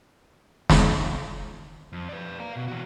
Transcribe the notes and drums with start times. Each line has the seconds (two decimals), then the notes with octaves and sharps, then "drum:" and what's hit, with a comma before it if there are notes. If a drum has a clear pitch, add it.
0.70 drum: snare
1.93 F2
2.09 B4 D5
2.40 F5 A#5
2.56 B2
2.68 E3 F#4